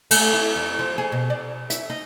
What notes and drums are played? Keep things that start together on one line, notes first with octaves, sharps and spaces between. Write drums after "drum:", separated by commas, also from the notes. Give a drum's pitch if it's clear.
A3, drum: cymbal
E4
F2
F3
G#4
B2
D5
E5, drum: hi-hat
D#4